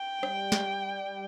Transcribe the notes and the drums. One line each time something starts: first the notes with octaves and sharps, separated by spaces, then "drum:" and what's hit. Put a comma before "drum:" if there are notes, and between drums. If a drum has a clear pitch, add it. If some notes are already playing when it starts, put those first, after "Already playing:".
Already playing: G5
G3, drum: rim click
drum: snare